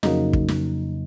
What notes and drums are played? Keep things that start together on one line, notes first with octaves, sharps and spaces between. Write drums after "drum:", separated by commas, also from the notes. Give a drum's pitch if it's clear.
F2 C#3 F#3 A#3 D#4, drum: snare
drum: kick
drum: snare